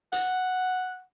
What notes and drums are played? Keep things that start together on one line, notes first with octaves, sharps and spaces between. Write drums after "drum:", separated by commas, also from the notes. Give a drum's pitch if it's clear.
F#5, drum: hi-hat